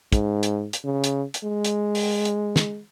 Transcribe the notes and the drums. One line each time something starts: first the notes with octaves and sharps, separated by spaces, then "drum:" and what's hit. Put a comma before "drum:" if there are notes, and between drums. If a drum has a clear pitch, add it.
G#2, drum: kick, hi-hat
drum: hi-hat
drum: hi-hat
C#3
drum: hi-hat
drum: hi-hat
G#3
drum: hi-hat
drum: open hi-hat
drum: hi-hat
drum: snare